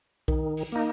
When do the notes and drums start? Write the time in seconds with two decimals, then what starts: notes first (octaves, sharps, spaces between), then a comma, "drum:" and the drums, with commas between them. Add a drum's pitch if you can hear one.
0.28 D#3, drum: kick B1
0.57 drum: open hi-hat
0.72 A#3 D#4